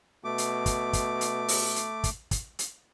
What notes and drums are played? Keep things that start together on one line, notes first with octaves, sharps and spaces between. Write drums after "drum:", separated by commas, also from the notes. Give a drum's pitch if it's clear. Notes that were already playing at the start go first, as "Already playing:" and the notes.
B2 A3 D6
drum: hi-hat
drum: kick, hi-hat
drum: kick, hi-hat
drum: hi-hat
drum: open hi-hat
drum: hi-hat
drum: kick, hi-hat
drum: kick, hi-hat
drum: hi-hat